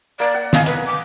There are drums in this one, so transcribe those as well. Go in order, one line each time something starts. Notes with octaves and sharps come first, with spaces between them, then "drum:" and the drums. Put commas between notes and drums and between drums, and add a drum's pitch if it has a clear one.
A#3 D5
F#5
D#5 F5 G#5, drum: snare
B4, drum: hi-hat
D6